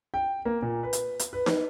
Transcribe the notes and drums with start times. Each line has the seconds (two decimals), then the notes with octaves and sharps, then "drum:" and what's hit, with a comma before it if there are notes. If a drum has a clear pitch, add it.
0.14 G5
0.45 A#3
0.62 A#2
0.83 B4
0.93 drum: hi-hat
1.19 drum: hi-hat
1.33 B4
1.46 drum: snare D#4